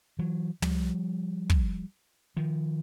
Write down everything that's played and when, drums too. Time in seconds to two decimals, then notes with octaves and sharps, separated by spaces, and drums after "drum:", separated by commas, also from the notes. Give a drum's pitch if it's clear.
0.19 E3 F#3
0.62 F3 G3, drum: tom
1.50 drum: kick
2.37 D#3 F3